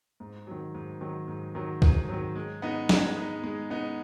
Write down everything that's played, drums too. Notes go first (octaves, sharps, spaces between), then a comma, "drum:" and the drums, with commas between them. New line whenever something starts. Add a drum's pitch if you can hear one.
G#2
D#3 F#3
G#2
D#3 F#3
G#2
D#3 F#3
G#2, drum: kick C2
D#3 F#3
G#3
B3 D#4
G#3, drum: snare
B3 D#4
G#3
B3 D#4